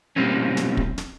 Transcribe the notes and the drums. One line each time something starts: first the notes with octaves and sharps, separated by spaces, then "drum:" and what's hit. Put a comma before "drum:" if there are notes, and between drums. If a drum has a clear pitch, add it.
B2 G3 A#3 C4 C#4
drum: snare
drum: kick
drum: snare